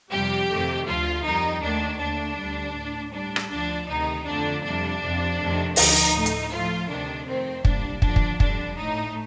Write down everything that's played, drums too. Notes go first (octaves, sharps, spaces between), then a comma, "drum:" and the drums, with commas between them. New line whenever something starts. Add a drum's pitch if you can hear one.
F2 C3 G3 G4
F2 C3 D#3 A3
D2 D3 F3 F4
F2 D#3 G3 D#4
D#2 D#3 A3 D4
D#2 D3 A3 D4
D2 D3 G3
A2 A3
A2 G3 D4
drum: rim click
D2 D3 F3 D4
D2 C3 D#3 D#4
F2 D3 F3 A3 D4
F2 C3 G3 D4
F2 C3 F3
F2 C3 D#3 A3
D2 D3 F3 D#4, drum: open hi-hat
A2 A3
drum: hi-hat
A2 F3 A3 F4
D2 C3 D#3 D4
F2 D#3 A3 C4
C2 A#2 G3 D4, drum: kick
D#2 D3 F3 D4, drum: kick
drum: kick
F2 D3 G3 D4, drum: kick
A2 A3 D#4